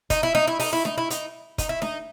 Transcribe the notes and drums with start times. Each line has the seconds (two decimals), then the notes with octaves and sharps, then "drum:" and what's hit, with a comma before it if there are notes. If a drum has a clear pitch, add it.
0.10 D#4, drum: kick, hi-hat
0.23 E4
0.35 D#4, drum: snare D4
0.47 E4
0.60 D#4, drum: open hi-hat
0.73 E4
0.85 D#4, drum: snare D4
0.98 E4
1.10 D#4, drum: hi-hat
1.58 D#4, drum: kick, hi-hat
1.69 E4
1.82 D#4, drum: snare D4